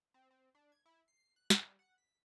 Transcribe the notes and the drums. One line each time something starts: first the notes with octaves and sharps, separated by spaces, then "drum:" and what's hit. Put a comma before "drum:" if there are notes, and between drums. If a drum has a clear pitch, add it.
C4
C4
D4
G#6
E4
C7
F#6
G2, drum: snare
G3
F#5
B6